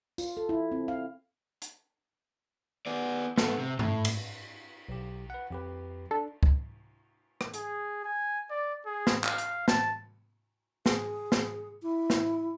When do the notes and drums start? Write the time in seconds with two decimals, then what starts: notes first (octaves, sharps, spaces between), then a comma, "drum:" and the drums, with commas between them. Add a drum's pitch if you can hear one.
0.18 F4, drum: tambourine
0.37 A4
0.49 E4
0.72 C4
0.88 F5
1.62 drum: hi-hat
2.86 B3 D5
3.38 A3 B3, drum: snare
3.59 C3
3.79 A2, drum: tom G2
4.05 drum: cymbal
4.89 B1 G4
5.30 B4 F#5
5.51 F2 G4 B4
6.11 D4 A4
6.43 drum: kick
7.41 drum: rim click
7.54 G#4, drum: hi-hat
8.05 G#5
8.50 D5
8.86 G#4
9.07 drum: snare
9.24 F5, drum: clap
9.38 drum: hi-hat
9.68 A5, drum: snare
10.86 G#4, drum: snare
11.32 drum: snare
11.82 E4
12.10 drum: snare